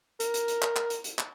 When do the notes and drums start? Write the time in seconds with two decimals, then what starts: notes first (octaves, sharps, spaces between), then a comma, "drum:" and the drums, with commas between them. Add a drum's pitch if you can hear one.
0.20 A#4, drum: hi-hat
0.34 drum: hi-hat
0.48 drum: hi-hat
0.62 drum: clap
0.76 drum: clap
0.90 drum: hi-hat
1.04 drum: hi-hat
1.18 drum: clap